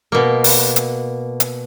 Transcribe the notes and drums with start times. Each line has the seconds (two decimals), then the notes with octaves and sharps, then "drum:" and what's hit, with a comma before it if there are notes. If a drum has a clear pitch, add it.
0.12 B2 A#3
0.44 drum: open hi-hat
0.76 drum: hi-hat
1.40 drum: hi-hat